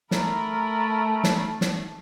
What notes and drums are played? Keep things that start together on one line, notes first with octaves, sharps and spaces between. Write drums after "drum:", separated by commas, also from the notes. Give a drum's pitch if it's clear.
A3 A#4 B5, drum: snare
drum: snare
drum: snare